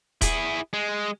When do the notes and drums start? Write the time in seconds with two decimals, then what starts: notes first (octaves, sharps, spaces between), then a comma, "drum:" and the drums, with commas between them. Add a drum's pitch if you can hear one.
0.21 E4 G#4, drum: kick D#1, hi-hat
0.73 G#3